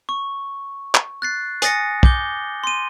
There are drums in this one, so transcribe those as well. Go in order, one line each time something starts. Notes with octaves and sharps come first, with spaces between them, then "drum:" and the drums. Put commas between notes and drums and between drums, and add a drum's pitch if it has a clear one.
C#6
drum: clap
F#6 A6 C7
G#5 D#6 A6 A#6 C#7, drum: hi-hat
D6 G6 G7, drum: kick
C6 D#7